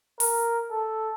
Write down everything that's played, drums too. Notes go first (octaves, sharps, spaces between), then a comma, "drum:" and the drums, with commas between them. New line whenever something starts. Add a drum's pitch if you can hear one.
A#4, drum: open hi-hat
A4